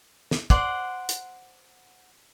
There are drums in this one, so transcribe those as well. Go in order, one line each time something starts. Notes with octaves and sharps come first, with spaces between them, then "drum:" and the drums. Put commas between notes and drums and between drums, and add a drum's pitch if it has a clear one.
drum: snare
C5 D5 F#5 C6, drum: kick
drum: hi-hat